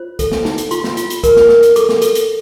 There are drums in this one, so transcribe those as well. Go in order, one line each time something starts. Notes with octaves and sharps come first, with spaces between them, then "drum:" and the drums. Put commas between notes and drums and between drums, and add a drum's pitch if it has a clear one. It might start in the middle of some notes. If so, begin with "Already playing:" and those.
Already playing: F4 C5
A4, drum: kick, hi-hat
drum: snare
D#4, drum: snare
drum: hi-hat
F4 C6, drum: hi-hat
drum: snare
F4, drum: hi-hat
drum: hi-hat
A#4, drum: kick, hi-hat
drum: snare
A#4, drum: snare
drum: hi-hat
A4 D6, drum: hi-hat
drum: snare
A4, drum: hi-hat
drum: hi-hat